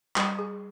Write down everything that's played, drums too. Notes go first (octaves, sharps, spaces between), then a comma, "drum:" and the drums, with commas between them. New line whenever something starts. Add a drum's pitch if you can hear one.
G3, drum: clap
G#4